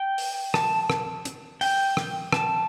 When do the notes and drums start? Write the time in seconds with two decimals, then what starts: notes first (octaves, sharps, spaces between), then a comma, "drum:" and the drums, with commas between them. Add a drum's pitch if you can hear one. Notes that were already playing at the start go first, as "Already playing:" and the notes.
Already playing: G5
0.18 drum: open hi-hat
0.54 A5, drum: rim click
0.90 drum: rim click
1.25 drum: hi-hat
1.61 G5, drum: open hi-hat
1.97 drum: rim click
2.32 A5, drum: rim click